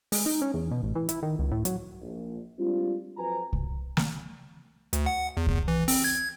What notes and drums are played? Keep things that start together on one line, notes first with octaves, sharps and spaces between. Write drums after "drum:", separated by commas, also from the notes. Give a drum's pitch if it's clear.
G#3, drum: open hi-hat
D#4
C#4
E2
B2
A1
E3
E4, drum: hi-hat
D#3
C#2
A2
F#3, drum: hi-hat
A#1
G3 G#3 C4 D4 F4
F2 F#3 B4 C5 G#5 A#5
drum: kick C2
drum: snare
D2, drum: hi-hat
F#5
E2
drum: kick C2
E3
C4, drum: open hi-hat
G#6